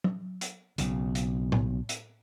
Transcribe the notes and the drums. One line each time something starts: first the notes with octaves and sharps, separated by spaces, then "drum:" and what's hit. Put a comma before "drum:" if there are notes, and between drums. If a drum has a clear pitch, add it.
drum: tom F#3
drum: hi-hat
B1 C#3, drum: hi-hat
drum: hi-hat
drum: tom A2
drum: hi-hat